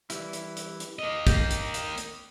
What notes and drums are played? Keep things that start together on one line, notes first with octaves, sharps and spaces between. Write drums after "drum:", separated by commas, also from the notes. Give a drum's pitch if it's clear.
E3 G3 E4, drum: hi-hat
drum: hi-hat
drum: hi-hat
drum: hi-hat
A#3 D#5
G5, drum: kick, hi-hat
drum: hi-hat
drum: hi-hat
drum: hi-hat